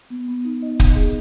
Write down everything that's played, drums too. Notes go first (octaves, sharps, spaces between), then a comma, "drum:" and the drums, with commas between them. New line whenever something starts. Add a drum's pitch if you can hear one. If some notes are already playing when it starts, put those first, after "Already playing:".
B3
B3
D#4
D#5
D#5, drum: kick
G#4